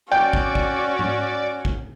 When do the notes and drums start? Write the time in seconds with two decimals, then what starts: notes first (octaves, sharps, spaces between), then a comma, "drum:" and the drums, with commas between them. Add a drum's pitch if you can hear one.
0.12 C#4 F#4 D5 G5
0.33 drum: kick
0.55 drum: kick
0.99 drum: tom G#2
1.65 drum: kick